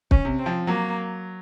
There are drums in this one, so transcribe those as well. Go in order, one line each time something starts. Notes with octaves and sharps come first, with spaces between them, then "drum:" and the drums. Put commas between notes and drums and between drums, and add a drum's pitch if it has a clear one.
C#4, drum: kick
C3
C4
F3
F#3 A#3